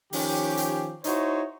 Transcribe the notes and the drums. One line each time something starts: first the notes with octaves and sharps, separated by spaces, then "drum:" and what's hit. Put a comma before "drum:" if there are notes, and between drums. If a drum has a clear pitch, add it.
D#3 F3 C#4 G4, drum: open hi-hat
drum: hi-hat
D#4 E4 F#4 C5 C#5, drum: hi-hat